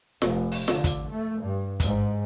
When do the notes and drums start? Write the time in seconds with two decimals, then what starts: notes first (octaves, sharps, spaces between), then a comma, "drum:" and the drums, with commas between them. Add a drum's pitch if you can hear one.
0.22 F1, drum: snare F4
0.51 drum: open hi-hat
0.68 D3, drum: snare F4
0.84 drum: kick, hi-hat
1.09 A3
1.41 G2
1.80 G#2, drum: kick, hi-hat